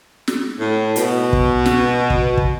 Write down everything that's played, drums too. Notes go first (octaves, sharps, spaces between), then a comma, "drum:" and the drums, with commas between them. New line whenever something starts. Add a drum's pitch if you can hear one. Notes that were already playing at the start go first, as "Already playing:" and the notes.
drum: snare
A2
B2, drum: hi-hat
drum: kick
drum: snare
drum: kick
drum: kick